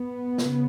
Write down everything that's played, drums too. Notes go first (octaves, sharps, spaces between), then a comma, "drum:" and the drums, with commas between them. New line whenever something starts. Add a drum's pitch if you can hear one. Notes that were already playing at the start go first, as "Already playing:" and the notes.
Already playing: B3
C#3, drum: snare